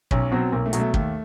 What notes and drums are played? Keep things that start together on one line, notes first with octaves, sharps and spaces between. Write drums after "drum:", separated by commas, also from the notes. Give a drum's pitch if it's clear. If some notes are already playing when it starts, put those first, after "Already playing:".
B1 C#4, drum: kick
B2 F#3 C4
B1 A#3
A3
B2 F#3, drum: hi-hat
A3
D#2 A3, drum: kick